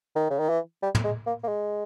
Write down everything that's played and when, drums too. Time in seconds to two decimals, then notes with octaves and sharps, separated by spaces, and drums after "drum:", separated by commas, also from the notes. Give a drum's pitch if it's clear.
0.16 D#3
0.30 C#3
0.39 D#3
0.49 E3
0.82 G3
0.95 drum: tom
1.04 G#3
1.26 A#3
1.43 A#3
1.48 G#3